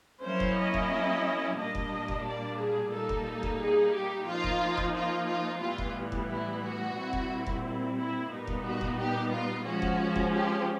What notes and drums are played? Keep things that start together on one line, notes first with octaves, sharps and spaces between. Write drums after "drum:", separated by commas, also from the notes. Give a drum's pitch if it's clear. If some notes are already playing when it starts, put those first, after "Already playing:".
F#3 A#3 C#4 E4 C5
drum: kick F1
D#5
drum: kick F1
A#2 G3 A#3 D4 D#5
drum: kick F1
drum: kick F1
D5
G#4
A#2 G3 A#3 D#4 A4
drum: kick F1
drum: kick F1
G#4
G4
F3 A#3 D#4 F4
drum: kick F1
drum: kick F1
F4
F4
A2 E3 G3 B3 F4
drum: kick F1
drum: kick F1
E4
F#4
A#2 G3 C4 E4
drum: kick F1
drum: kick F1
E4
A#2 G3 B3 D#4
drum: kick F1
F#4
drum: kick F1
G4
F4
F3 G#3 C#4 F#4
drum: kick F1
drum: kick F1
G4